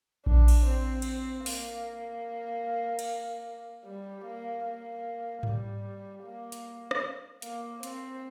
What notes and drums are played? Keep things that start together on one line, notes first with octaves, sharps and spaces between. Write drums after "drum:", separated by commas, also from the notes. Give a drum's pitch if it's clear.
D4, drum: kick A#1
drum: cymbal
C4
drum: cymbal
A#3, drum: open hi-hat
drum: cymbal
G3
A#3
A#3
G3, drum: tom G#2
A#3
drum: hi-hat
drum: rim click
A#3, drum: hi-hat
C4, drum: hi-hat